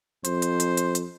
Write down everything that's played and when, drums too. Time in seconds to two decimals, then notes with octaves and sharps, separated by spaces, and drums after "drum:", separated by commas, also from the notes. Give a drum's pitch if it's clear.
0.25 F2 C5, drum: hi-hat
0.42 drum: hi-hat
0.60 drum: hi-hat
0.77 drum: hi-hat
0.95 drum: hi-hat